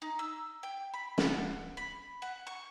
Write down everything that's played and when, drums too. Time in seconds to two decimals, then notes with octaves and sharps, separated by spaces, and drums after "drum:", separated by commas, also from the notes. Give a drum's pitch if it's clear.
0.02 D#4
0.19 E6
0.63 G5
0.94 B5
1.18 F#5, drum: snare
1.77 B5
2.22 F#5
2.47 C#6